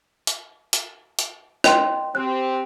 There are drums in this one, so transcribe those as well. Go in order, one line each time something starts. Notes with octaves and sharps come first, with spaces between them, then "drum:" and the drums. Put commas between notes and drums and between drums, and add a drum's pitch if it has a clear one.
drum: hi-hat
drum: hi-hat
drum: hi-hat
D#5 G5 C6, drum: rim click
C4 G4 F#6